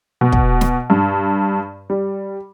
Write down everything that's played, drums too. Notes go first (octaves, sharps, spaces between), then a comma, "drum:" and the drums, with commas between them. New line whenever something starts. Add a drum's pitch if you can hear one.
B2
drum: kick
drum: snare
G2
G3